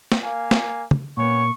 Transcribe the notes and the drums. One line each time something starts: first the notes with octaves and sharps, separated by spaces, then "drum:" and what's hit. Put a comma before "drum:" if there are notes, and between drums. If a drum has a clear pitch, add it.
drum: snare
A#3 F5 G#5
drum: snare
drum: tom
A#2 A#3 B3 C#4 C#5 C#6